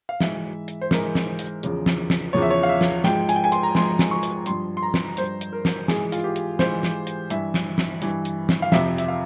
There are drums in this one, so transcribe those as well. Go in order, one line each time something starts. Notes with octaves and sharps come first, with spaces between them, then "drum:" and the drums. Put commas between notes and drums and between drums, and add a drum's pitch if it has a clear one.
F5
G#2 E3 E5, drum: snare
drum: hi-hat
C5
G#2 E3 A#4, drum: snare
drum: snare
drum: hi-hat
E2 C#3 F3, drum: hi-hat
drum: snare
drum: snare
E2 C#3 F3 C#5
E5
C#5
F5
E5
drum: snare
G#2 F3 G5, drum: snare
G#5, drum: hi-hat
G5
G#5
C6, drum: hi-hat
A#5
G#2 F3 C6, drum: snare
drum: snare
C#6
drum: hi-hat
G2 F3 C6, drum: hi-hat
C6
A#5
drum: snare
G2 F3 C5, drum: hi-hat
drum: hi-hat
A#4
drum: snare
G#2 E3 G#4, drum: snare
F4, drum: hi-hat
G4
drum: hi-hat
G#2 E3 C5, drum: snare
drum: snare
drum: hi-hat
G2 E3 E5, drum: hi-hat
drum: snare
drum: snare
G2 E3, drum: hi-hat
drum: hi-hat
drum: snare
F5
F2 C3 F3 E5, drum: snare
E5, drum: hi-hat
F5